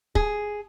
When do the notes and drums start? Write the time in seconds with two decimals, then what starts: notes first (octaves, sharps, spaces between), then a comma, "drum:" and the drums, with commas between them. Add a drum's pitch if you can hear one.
0.15 G#4, drum: kick